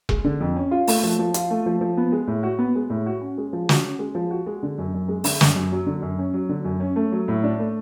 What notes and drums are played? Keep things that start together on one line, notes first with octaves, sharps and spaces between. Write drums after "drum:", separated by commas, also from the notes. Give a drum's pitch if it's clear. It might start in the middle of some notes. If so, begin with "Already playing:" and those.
G#3, drum: kick E1
D3
F2
C#4
F4
A3, drum: open hi-hat
F3
F3
F4, drum: hi-hat
A3
F3
F3
B3
G#3
A2
F#4
B3
G#3
A2
F#4
C#4
G#3
F3
F#4, drum: snare
C#4
G#3
F3
F#4
G#3
D3
F#2
F#2
G#3
D3, drum: open hi-hat
F#2, drum: snare
F#2
F#3
D3
F#2
C#4
F#3
D3
F#2
C#4
A3
F#3
A2
D4
A3